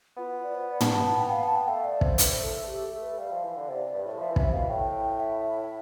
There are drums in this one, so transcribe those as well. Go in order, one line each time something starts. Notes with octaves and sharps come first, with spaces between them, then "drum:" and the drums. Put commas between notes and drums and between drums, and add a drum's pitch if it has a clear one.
B3 F4
F4
D5
C5
D5
A5, drum: tom
A5
A5
G5
F5
A5
G5
A3 F5
D5
C5, drum: kick
B4, drum: hi-hat
C5
A4
A4
G4
A4
A4
B4
G3 F5
F3
E3
D3
C3 D5
G2
A2
F3 E5
E3
E5, drum: kick
C3
B2 F5
A2 G5
E5